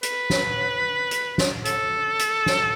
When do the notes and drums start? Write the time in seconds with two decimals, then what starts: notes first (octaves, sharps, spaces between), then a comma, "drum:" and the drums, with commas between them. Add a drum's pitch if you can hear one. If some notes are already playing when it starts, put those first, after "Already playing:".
0.03 B4, drum: hi-hat
0.30 drum: snare
1.11 drum: hi-hat
1.38 drum: snare
1.65 A4, drum: hi-hat
2.19 drum: hi-hat
2.46 drum: snare